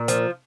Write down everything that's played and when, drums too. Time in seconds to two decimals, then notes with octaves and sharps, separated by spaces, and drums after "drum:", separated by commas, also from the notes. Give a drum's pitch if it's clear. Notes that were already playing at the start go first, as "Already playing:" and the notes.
Already playing: A#2
0.08 F3, drum: hi-hat